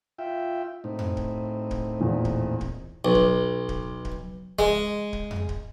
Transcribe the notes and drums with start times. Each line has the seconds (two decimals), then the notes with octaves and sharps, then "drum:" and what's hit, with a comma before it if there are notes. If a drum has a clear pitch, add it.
0.19 F4 E5 G5
0.84 A2 C4 D#4
0.99 drum: tom F2
1.17 drum: kick D1
1.71 drum: kick D1
2.00 E2 A#2
2.25 drum: kick D1
2.61 drum: kick D1
3.05 B1
3.15 drum: kick D1
3.69 drum: kick D1
4.05 drum: kick D1
4.59 G#3, drum: kick D1
5.13 drum: kick D1
5.31 drum: tom F2
5.49 drum: kick D1